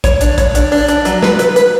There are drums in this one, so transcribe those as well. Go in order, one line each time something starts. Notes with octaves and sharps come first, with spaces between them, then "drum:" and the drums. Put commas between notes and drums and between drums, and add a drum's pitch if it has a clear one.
C#5, drum: kick A#1, hi-hat
D4, drum: hi-hat
C#5, drum: kick A#1, hi-hat
D4, drum: hi-hat
D4, drum: open hi-hat
D4, drum: hi-hat
F#3, drum: hi-hat
B4, drum: snare
B4, drum: hi-hat
B4, drum: hi-hat